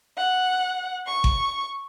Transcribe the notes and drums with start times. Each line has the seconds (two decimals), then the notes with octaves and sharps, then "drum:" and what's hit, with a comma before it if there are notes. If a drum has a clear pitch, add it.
0.17 F#5
1.07 C#6
1.24 drum: kick G1